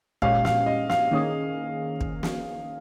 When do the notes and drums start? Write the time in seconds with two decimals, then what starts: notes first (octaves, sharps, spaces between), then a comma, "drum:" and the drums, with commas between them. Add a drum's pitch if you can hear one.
0.22 A#2 G#3 C#4 G4 F5, drum: kick
0.45 F5, drum: snare
0.66 D#5
0.90 F5, drum: snare
1.11 D#3 A#3 C#4 G#4
2.01 drum: kick
2.23 drum: snare